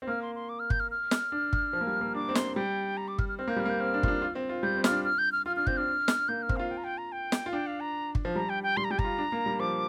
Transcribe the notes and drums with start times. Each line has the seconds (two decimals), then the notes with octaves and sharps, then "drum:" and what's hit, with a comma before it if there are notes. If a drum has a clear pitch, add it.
0.02 C4
0.07 A#3 F6
0.22 C6
0.35 C6
0.49 D6
0.60 F6
0.70 G6, drum: kick G1
0.80 F6
0.91 F6
1.11 drum: snare
1.32 D4
1.53 drum: kick G1
1.73 F3
1.81 A#3
1.87 G3
2.01 A#3
2.15 D4 D6
2.29 C4
2.35 C6, drum: snare
2.56 G3 G5
2.97 A#5
3.08 D6
3.19 F6, drum: kick G1
3.29 F6
3.39 C4 F6
3.47 A#3 G6
3.56 G3 F6
3.65 A#3
3.70 G6
3.80 C4 F6
3.94 D4
4.03 F4, drum: kick G1
4.08 D4
4.22 F4
4.35 C4
4.49 F4
4.63 G3 G6
4.77 C4
4.84 F4 F6, drum: snare
4.91 D4
5.05 F6
5.18 G6
5.32 F6
5.46 F4 F6
5.56 D4 F6
5.67 C4 G6, drum: kick G1
5.77 D4 F6
6.08 drum: snare
6.28 A#3 G6
6.42 F6
6.49 C4, drum: kick G1
6.56 F4 F5
6.71 G5
6.77 A#5
6.84 G5
6.98 A#5
7.12 G5
7.32 drum: snare
7.46 F4
7.53 D4 G5
7.67 F5
7.80 A#5
8.15 drum: kick G1
8.25 F3
8.35 G3 A#5
8.49 G5
8.63 G5
8.77 G3 C6
8.84 A#5
8.91 G3 G5
8.99 A#5, drum: kick G1
9.04 F4
9.18 D4
9.32 A#3
9.46 G3
9.60 F3 D6